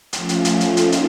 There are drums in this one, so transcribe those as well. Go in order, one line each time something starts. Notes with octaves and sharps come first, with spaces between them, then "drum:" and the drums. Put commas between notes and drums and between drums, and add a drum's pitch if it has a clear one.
F3 A3 C#4 F4, drum: hi-hat
drum: hi-hat
drum: hi-hat
drum: hi-hat
A#3 D#4, drum: hi-hat
drum: hi-hat